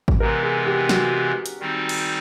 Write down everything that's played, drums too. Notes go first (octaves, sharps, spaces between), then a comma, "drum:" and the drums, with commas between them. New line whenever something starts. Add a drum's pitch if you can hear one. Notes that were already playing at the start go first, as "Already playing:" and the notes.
drum: kick G#1
C3 E3 G#3 B3 A#4
G#4
G4
F#4, drum: snare
drum: hi-hat
D#3 G3 C4 D#4
drum: cymbal